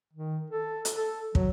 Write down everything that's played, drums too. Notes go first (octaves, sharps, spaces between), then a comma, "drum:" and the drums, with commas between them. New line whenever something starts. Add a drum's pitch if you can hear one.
D#3
A4
drum: hi-hat
A4
F#3, drum: kick